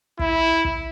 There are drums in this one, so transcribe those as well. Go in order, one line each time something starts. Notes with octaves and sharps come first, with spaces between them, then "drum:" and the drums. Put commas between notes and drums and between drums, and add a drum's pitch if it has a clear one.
E4, drum: kick
drum: kick